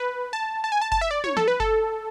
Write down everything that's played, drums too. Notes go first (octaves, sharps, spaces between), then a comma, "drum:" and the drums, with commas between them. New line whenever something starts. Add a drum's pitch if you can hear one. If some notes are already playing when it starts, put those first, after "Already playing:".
Already playing: B4
A5
A5
G#5
A5
A5, drum: kick F#1
E5
D5
C#5, drum: tom
A4, drum: snare
B4
A4, drum: kick F#1